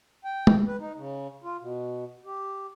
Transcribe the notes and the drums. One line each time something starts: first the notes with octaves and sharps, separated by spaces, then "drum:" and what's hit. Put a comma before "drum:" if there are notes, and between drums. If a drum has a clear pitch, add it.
G5
drum: tom G#3
B4
D#4
C#3
F4
B2
G4